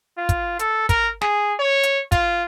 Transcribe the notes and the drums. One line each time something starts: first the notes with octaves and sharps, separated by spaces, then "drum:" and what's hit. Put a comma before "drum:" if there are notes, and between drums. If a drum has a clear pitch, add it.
F4
drum: kick, hi-hat
A4, drum: hi-hat
A#4, drum: kick, hi-hat
G#4, drum: snare
C#5
drum: hi-hat
F4, drum: kick, hi-hat